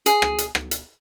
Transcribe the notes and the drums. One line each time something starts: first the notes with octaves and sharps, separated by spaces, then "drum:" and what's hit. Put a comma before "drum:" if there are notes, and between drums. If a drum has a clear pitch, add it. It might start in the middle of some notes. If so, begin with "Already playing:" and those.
G#4, drum: hi-hat
drum: rim click
drum: hi-hat
drum: rim click
drum: hi-hat